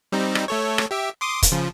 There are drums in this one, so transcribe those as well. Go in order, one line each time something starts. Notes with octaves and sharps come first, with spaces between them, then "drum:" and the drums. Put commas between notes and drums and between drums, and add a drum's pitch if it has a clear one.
G3 C4 D#4
drum: rim click
A3 A4 C#5
drum: rim click
G4 E5
C6 D6 D#6
drum: kick, hi-hat
C#3 F3